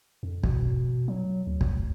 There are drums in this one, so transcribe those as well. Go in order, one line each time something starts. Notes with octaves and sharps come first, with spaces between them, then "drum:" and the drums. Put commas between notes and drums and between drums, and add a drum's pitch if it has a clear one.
F2
B2, drum: kick
F#3
D2
drum: kick